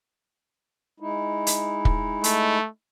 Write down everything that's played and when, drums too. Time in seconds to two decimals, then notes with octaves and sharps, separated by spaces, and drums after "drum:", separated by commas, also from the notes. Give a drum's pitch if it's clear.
1.00 G#3 D#4 E4
1.47 drum: hi-hat
1.85 drum: kick
2.24 A3, drum: hi-hat